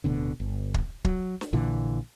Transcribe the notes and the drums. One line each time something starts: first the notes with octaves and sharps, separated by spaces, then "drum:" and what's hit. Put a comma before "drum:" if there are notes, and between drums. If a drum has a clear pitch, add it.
D1 B2 D3
G1
drum: kick
F#3, drum: kick
drum: snare
A#1 A#2 D3 E3